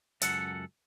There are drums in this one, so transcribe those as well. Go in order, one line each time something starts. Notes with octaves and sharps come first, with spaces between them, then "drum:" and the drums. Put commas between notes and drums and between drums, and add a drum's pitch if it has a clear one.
C#2 F#2 A4 F#5, drum: hi-hat